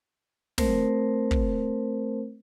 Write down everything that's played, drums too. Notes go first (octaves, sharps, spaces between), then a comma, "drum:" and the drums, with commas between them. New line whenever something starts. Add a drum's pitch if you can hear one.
A3 C4 A#4 C5, drum: snare
drum: kick